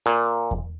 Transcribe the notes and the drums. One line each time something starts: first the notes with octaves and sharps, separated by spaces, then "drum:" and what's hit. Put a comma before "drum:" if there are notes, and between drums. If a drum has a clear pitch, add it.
A#2
drum: kick E2